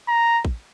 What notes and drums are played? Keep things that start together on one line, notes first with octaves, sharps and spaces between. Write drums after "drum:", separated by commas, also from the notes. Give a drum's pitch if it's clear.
A#5
drum: kick